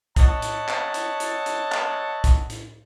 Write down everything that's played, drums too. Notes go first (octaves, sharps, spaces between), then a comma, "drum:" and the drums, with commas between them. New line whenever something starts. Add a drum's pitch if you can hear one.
C#5 D#5 E5 F#5 A5, drum: kick, hi-hat
drum: hi-hat
drum: clap
drum: hi-hat
drum: hi-hat
drum: hi-hat
drum: clap
drum: kick, hi-hat
drum: hi-hat